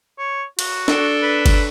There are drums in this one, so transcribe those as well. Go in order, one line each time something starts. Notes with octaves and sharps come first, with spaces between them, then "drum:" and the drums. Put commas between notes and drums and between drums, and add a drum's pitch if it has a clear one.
C#5
F#4, drum: cymbal
D4 A4, drum: snare
B4
drum: kick G1, cymbal